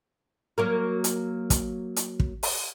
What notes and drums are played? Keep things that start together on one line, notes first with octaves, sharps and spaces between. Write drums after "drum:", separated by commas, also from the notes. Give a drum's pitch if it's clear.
F#3 A#3 A#4
drum: hi-hat
drum: kick, hi-hat
drum: hi-hat
drum: kick
drum: open hi-hat